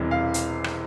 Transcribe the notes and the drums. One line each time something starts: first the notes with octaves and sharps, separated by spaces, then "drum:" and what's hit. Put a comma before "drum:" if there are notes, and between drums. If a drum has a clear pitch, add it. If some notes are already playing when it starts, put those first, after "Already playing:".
Already playing: E1 E2 C3 E3 G3
F5
drum: hi-hat
drum: rim click